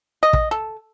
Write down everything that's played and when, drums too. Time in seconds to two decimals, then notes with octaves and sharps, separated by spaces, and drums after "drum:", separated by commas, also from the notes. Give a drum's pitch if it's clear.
0.23 D#5
0.33 drum: kick
0.51 A4